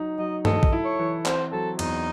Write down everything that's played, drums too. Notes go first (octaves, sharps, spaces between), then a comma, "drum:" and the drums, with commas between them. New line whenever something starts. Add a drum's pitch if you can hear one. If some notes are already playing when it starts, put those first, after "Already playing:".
Already playing: F#3 D#4
F#3 D#5
A4 D#5, drum: tom G2
drum: kick
E4
C#5
E3
C4 C5, drum: clap
F#3 A4
E2 D#4, drum: cymbal